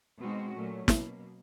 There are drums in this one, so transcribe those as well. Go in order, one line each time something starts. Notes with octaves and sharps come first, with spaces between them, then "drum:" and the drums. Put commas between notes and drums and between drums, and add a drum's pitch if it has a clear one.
B2 G#3 C4 D#4 F#4
A#2 F#3 A3 C#4
B2 F#3 A#3, drum: snare